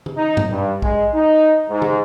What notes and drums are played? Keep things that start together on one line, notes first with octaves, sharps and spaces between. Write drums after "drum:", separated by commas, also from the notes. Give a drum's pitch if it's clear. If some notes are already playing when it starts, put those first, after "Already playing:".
drum: tom D#3
D#4
drum: tom G2
G2
G#3, drum: kick B1
D#4
G#2
drum: tom D#3